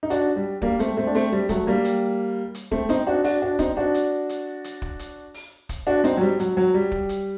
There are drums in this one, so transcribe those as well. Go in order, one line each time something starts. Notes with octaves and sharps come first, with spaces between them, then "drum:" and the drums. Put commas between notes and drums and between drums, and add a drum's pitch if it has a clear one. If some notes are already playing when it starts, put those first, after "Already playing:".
D#4
D4 F#4, drum: hi-hat
G3
G3 A#3, drum: kick
A3 C4, drum: hi-hat
A3 C4
D4
A3 C4, drum: open hi-hat
G3
F#3 A3, drum: kick, hi-hat
G3 A#3
drum: hi-hat
drum: hi-hat
A3 C4, drum: kick
C4 D#4, drum: hi-hat
D4 F#4
D4 F#4, drum: open hi-hat
D4 F#4
C4 D#4, drum: kick, hi-hat
D4 F#4
drum: hi-hat
drum: hi-hat
drum: hi-hat
drum: kick
drum: hi-hat
drum: open hi-hat
drum: kick, hi-hat
D4 F#4
C4 D#4, drum: hi-hat
F#3
G3
F#3, drum: hi-hat
F#3
G3
drum: kick
drum: hi-hat